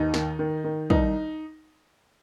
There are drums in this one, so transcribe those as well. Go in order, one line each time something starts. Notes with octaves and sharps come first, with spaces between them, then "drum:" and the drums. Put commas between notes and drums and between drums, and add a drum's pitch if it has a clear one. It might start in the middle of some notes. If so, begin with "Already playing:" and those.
Already playing: D#2 D#4
D#3, drum: snare
D#3
D#3
C2 D#4, drum: kick